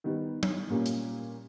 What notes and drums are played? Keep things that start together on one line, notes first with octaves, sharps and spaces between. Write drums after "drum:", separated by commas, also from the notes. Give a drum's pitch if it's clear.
D#3 G3 B3 D#4
drum: tom
A#2 G3 A#3 C#4
drum: hi-hat